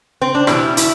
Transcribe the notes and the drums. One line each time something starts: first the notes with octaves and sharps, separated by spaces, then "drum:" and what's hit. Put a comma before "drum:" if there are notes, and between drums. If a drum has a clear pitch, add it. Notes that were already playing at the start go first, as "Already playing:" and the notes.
C4
D4
E2 B2 G3 E4, drum: rim click
E4, drum: hi-hat